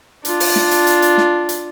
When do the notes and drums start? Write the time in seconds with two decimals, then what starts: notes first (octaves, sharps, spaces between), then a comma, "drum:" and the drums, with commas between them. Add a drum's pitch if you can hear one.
0.25 D4 F4, drum: hi-hat
0.40 drum: open hi-hat
0.56 drum: snare
0.71 drum: hi-hat
0.87 drum: hi-hat
1.02 drum: hi-hat
1.18 drum: snare
1.49 drum: hi-hat